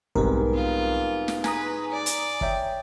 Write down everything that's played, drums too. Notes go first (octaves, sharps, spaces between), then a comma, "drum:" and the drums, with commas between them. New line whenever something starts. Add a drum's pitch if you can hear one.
B1 G#2 G3 B3 C4 A#4, drum: kick
F4
drum: snare
B4 G#5 A#5 D#6, drum: snare
D5
drum: hi-hat
C#5 E5 G5, drum: kick